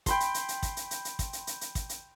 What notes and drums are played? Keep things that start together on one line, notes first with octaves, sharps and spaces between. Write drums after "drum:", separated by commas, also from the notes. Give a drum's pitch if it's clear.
G5 B5 C6, drum: kick, hi-hat
drum: hi-hat
drum: hi-hat
drum: hi-hat
drum: kick, hi-hat
drum: hi-hat
drum: hi-hat
drum: hi-hat
drum: kick, hi-hat
drum: hi-hat
drum: hi-hat
drum: hi-hat
drum: kick, hi-hat
drum: hi-hat